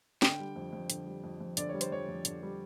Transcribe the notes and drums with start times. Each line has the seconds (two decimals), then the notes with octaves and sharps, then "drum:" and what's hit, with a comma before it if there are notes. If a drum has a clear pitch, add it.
0.22 D3 G5, drum: snare
0.40 G3
0.56 F2
0.73 F2
0.90 D3, drum: hi-hat
1.06 G3
1.24 F2
1.40 F2
1.57 D3 D5, drum: hi-hat
1.69 G3 C#5
1.81 C5, drum: hi-hat
1.91 F2 C#5
2.08 F2
2.25 D3, drum: hi-hat
2.43 G3